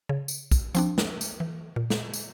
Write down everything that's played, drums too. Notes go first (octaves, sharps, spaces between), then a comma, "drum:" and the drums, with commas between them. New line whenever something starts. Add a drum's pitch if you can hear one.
C#3
drum: tambourine
drum: kick B1, tambourine
F3 C4 D4, drum: tambourine
drum: snare
drum: tambourine
E3
A#2
drum: snare
drum: tambourine